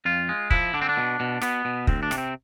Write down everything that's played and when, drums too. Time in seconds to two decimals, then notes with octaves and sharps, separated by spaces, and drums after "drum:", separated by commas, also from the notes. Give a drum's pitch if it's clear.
0.05 F2 F4
0.29 G#3
0.51 F3 E4, drum: kick
0.74 D3 D4
0.82 C4
0.89 D4
0.97 B2
1.20 B2
1.42 B2 B3, drum: rim click
1.65 B2
1.87 D2 C4, drum: kick
2.03 D4
2.11 C3, drum: rim click
2.18 C4